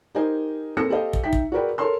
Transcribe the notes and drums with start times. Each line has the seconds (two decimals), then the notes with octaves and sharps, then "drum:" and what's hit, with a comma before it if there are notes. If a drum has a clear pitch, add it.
0.15 D#4 G4 A#4 C5 D#5 G#5
0.77 A#3 C4 A4 E6 A#6 C#7
0.90 G4 A4 C5 D#5 F5 G5
1.13 drum: kick
1.24 D#4 E5 G5 B6
1.33 drum: kick
1.52 F#4 G#4 A#4 B4 D5 G5
1.78 A4 A#4 C#5 C6 E6